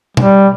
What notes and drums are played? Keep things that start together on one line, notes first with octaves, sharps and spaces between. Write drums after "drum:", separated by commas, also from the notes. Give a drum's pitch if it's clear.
G3, drum: tom B2